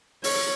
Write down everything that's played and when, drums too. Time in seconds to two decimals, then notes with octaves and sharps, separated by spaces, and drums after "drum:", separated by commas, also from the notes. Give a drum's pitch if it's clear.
0.24 C#5, drum: open hi-hat